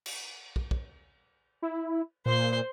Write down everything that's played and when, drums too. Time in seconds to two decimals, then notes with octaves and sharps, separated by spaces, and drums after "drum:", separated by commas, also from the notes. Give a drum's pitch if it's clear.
0.06 drum: cymbal
0.56 drum: kick
0.71 drum: kick
1.62 E4
2.26 A#2 C5 C6